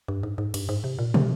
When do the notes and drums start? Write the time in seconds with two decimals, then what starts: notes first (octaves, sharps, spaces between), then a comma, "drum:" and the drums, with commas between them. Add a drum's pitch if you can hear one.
0.08 G2
0.23 G#2
0.38 G#2
0.54 G2, drum: cymbal
0.69 G#2
0.84 C3
0.99 A#2
1.14 C3, drum: tom